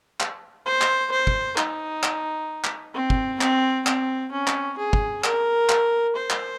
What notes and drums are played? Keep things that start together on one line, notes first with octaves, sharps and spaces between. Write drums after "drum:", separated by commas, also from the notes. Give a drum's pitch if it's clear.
drum: clap
C5
drum: clap
C5
drum: kick
D#4, drum: clap
drum: clap
drum: clap
C4
drum: kick
C4, drum: clap
C4, drum: clap
C#4
drum: clap
G#4
drum: kick
A#4, drum: clap
drum: clap
C5
drum: clap